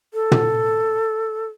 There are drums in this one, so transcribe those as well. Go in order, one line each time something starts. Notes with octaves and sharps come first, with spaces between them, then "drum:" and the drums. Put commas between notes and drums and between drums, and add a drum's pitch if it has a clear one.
A4
drum: tom